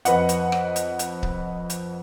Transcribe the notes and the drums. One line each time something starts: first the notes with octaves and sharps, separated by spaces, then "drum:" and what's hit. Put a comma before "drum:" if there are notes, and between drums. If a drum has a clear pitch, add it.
F2 B4 D#5 F#5, drum: hi-hat
drum: hi-hat
drum: rim click
drum: hi-hat
drum: hi-hat
drum: kick C#1
drum: hi-hat